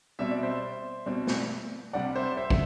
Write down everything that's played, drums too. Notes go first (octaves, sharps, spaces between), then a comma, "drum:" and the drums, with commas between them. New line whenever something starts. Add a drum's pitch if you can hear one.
B2 G3 C4 E5
D5
C5 E5
B2 G3 C4
drum: snare
C3 G3 D4 D5 F#5
C5 E5
C5 E5
E5, drum: kick